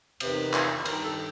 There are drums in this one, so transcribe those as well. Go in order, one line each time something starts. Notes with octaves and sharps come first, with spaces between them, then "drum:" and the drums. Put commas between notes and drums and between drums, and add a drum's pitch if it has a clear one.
E2 C3 D#3 B4, drum: cymbal
drum: clap
G2 D#3 A#4, drum: cymbal
A4